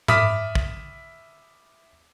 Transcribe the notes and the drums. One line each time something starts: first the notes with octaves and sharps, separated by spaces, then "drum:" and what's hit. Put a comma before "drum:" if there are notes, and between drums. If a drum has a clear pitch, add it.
E5 B5 D6 D#6 F6 B6, drum: tom G#2
drum: kick